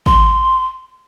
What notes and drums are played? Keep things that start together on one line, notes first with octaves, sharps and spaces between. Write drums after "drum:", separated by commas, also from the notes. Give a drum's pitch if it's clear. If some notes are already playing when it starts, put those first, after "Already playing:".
C6, drum: kick G#1